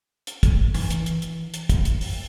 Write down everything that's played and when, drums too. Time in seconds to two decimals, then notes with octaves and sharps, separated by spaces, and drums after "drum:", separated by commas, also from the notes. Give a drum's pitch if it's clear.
0.27 drum: hi-hat
0.43 drum: kick, hi-hat
0.74 E3, drum: open hi-hat
0.90 drum: hi-hat
1.06 drum: hi-hat
1.22 drum: hi-hat
1.54 drum: hi-hat
1.69 drum: kick, hi-hat
1.85 drum: hi-hat
2.01 drum: open hi-hat